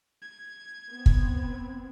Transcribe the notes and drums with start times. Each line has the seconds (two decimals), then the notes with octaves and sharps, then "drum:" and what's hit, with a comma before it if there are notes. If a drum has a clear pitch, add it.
0.22 G#6
0.91 B3 C4
1.06 drum: kick